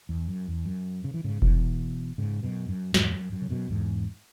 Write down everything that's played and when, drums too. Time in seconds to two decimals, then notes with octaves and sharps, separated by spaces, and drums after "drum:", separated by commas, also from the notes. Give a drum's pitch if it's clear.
0.09 E2
0.28 F#2
0.48 E2
0.66 F#2
1.04 C#3
1.14 E3
1.24 G#2 C#3
1.42 B2 E3, drum: kick F1
2.18 G#2 C#3
2.43 F#2 B2
2.69 F#2
2.94 E2 G#2, drum: snare
3.12 F#2
3.32 F#2
3.42 C#3
3.50 F#2 B2
3.70 E2 G#2